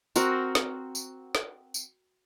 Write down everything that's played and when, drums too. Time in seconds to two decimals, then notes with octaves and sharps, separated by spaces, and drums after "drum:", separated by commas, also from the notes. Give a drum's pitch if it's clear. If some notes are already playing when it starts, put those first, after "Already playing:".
0.16 C4 F#4 A#4, drum: tambourine
0.55 drum: snare
0.95 drum: tambourine
1.35 drum: snare
1.74 drum: tambourine